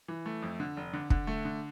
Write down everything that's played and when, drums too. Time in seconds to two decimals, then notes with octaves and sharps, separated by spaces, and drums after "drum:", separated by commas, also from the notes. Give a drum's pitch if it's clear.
0.08 E3
0.26 A3
0.42 F2
0.60 D3
0.77 F1
0.93 D3
1.10 D3, drum: kick
1.27 A3
1.45 D3